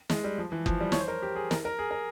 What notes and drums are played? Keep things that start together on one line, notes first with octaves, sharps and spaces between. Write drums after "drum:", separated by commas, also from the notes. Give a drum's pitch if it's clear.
G#3, drum: snare
G3
F3
E3
F3, drum: kick F#1
G3
C#5, drum: snare
C5
A#4
G4
G#4
A#4, drum: snare
A#4
G#4
A#4